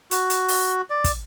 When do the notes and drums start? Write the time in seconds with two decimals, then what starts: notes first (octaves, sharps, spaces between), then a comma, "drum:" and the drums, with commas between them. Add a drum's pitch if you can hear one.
0.11 F#4, drum: hi-hat
0.30 drum: hi-hat
0.48 drum: open hi-hat
0.90 D5
1.04 drum: kick, hi-hat